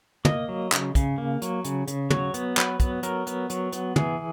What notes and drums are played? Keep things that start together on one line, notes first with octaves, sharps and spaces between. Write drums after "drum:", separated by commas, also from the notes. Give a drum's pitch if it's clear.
A#3 D#5, drum: tom
F#3
C#3, drum: clap
C#3, drum: kick, hi-hat
A#3
F#3, drum: hi-hat
C#3, drum: hi-hat
C#3, drum: hi-hat
F#3 C#5, drum: tom
B3, drum: hi-hat
F#3 B4, drum: clap
B3, drum: kick, hi-hat
F#3 A#4, drum: hi-hat
B3, drum: hi-hat
F#3, drum: hi-hat
B3, drum: hi-hat
E3 G#4, drum: tom